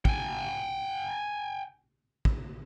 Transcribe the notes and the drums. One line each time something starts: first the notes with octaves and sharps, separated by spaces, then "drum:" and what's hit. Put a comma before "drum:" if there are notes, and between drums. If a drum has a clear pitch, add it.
G5 G#5, drum: kick
drum: kick